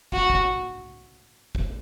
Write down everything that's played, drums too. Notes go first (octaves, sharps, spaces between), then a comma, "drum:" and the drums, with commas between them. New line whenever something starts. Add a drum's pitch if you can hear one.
F#4, drum: kick
drum: kick
drum: kick